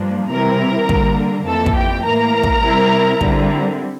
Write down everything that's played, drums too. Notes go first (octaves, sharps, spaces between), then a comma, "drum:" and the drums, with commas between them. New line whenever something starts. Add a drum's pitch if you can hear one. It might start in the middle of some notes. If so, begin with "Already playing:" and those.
Already playing: G2 F3 A#3 D4
C3 E3 G3 C4 E4 A#4 A#5
D3 G3 A#3, drum: kick
F2 E3 A#3 A4 A5
drum: kick
G4 G5
A2 E3 A#3 A#4 A#5
drum: kick
C3 G3 C4 E4
D3 G3 C4 E4, drum: kick